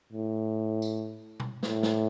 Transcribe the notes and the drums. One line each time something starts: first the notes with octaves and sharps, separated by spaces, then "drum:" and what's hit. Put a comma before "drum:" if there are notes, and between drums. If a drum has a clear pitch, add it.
A2
drum: tambourine
drum: tom
A2, drum: snare
drum: snare